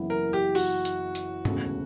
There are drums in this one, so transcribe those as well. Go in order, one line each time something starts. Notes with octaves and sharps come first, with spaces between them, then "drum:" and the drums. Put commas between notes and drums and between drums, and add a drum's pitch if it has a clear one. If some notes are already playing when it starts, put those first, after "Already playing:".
Already playing: F#1 F#2 E3 B3 E4
A#4
G4
F#4, drum: open hi-hat
drum: hi-hat
drum: hi-hat
E1 D2 C#3, drum: tom